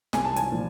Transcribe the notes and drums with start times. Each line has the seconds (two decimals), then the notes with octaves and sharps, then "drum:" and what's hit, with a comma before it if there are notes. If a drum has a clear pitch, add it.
0.13 C2 G#5, drum: snare
0.25 A5
0.36 G#5, drum: hi-hat
0.52 A#2 F3